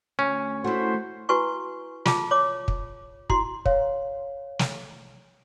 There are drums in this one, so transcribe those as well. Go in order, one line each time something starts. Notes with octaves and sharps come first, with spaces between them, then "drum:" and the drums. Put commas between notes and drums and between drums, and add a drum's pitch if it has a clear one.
D2 C#4
A3 E4 F#4 C5
E4 F#4 B4 G#5 C#6
F4 G#4 A5, drum: snare
C#5 D6
drum: kick
E4 F#4 C6, drum: kick
C#5 F5, drum: kick
drum: snare